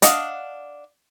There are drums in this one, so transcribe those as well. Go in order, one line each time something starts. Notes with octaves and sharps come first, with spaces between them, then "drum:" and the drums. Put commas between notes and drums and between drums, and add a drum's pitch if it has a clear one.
D4 D#5 F5 F#5, drum: hi-hat